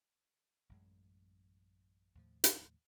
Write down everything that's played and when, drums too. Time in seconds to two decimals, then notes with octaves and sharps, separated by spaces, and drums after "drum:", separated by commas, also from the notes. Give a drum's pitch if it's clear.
0.69 A1 F#2 G#3
2.15 D#2 A2 F3
2.44 drum: hi-hat